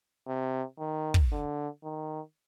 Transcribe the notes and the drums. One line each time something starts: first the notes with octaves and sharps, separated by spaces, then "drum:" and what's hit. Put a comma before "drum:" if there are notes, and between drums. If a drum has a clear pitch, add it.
C3
D#3
drum: kick
D3
D#3